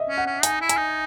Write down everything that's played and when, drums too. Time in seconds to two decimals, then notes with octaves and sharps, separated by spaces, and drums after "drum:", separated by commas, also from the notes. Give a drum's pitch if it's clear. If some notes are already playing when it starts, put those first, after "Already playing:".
Already playing: D#5 E5
0.09 C#4
0.18 F#5
0.26 C#4
0.43 D#4 G#5, drum: hi-hat
0.61 E4
0.69 G#5, drum: hi-hat
0.77 D#4